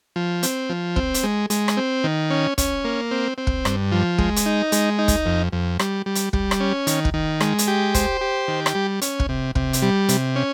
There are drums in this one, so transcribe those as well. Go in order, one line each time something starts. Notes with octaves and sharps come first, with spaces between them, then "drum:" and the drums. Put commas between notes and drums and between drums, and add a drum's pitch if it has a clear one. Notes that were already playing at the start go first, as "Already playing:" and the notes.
F3
C4, drum: hi-hat
F3
C4, drum: kick
drum: hi-hat
G#3
G#3, drum: hi-hat
drum: rim click
C4
D#3
C#4
C#4, drum: kick, hi-hat
A#3
C4
C4
drum: kick
G2, drum: rim click
F3
G#3, drum: kick
drum: hi-hat
D#4
G#3, drum: hi-hat
D#4
drum: kick, hi-hat
F2
F2
G3, drum: rim click
G3
drum: hi-hat
G3, drum: kick
drum: rim click
C#4
D#3, drum: hi-hat
drum: kick
D#3
G#3, drum: rim click
drum: hi-hat
G4
C5, drum: kick, hi-hat
G4
D#3
drum: rim click
G3
C#4, drum: hi-hat
drum: kick
C3
C3, drum: kick
drum: hi-hat
G3
C3, drum: hi-hat
C#4